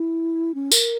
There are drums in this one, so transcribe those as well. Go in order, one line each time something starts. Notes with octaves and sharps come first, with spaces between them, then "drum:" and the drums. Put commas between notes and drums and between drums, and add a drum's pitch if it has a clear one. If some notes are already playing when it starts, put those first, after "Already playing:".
Already playing: E4
C#4
A#4, drum: tambourine